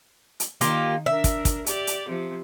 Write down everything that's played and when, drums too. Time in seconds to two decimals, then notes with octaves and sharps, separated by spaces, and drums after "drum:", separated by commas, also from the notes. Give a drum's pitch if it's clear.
0.40 drum: hi-hat
0.61 D#3 A#3 F4 G4, drum: hi-hat
1.06 D4 A#4 E5
1.24 drum: kick, hi-hat
1.45 drum: kick, hi-hat
1.66 G4 D5, drum: hi-hat
1.87 drum: hi-hat
2.08 C3 F3